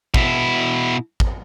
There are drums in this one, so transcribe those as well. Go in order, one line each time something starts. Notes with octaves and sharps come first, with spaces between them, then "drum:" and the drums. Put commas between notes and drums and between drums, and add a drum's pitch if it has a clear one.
B2 E4, drum: kick
drum: kick